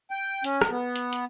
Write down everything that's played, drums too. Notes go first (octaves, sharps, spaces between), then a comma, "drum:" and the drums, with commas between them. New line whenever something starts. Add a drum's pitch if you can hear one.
G5
C#4, drum: hi-hat
drum: rim click
B3
drum: hi-hat
drum: hi-hat